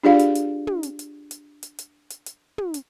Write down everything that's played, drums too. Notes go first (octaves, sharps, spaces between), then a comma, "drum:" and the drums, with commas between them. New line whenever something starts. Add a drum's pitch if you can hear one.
D4 F4 G4 G#4 D5 F5
drum: hi-hat
drum: hi-hat
drum: tom
drum: hi-hat
drum: hi-hat
drum: hi-hat
drum: hi-hat
drum: hi-hat
drum: hi-hat
drum: hi-hat
drum: tom
drum: hi-hat